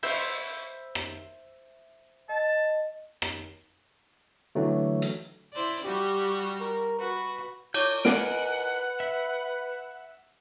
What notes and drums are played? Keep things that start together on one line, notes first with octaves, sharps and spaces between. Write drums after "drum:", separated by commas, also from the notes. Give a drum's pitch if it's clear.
C5 E5 B5, drum: open hi-hat
drum: rim click
D#5 A5
drum: rim click
D3 E3 F#3 A3
drum: hi-hat
E4 C5 D5
G3 F#4 G4
A#4
F#4 B4
C#5 D6 G6, drum: cymbal
A#4 B4 D#5 F#5 G#5, drum: snare
E5